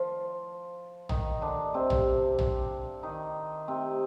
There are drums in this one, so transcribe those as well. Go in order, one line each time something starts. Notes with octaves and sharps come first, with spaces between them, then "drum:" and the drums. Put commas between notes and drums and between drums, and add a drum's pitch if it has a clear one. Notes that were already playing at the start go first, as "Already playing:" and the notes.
Already playing: F3 F4
D#3 D#4, drum: tom A#1
D3 D4
C3 C4
drum: tom A#1
drum: tom A#1
D#3 D#4
C3 C4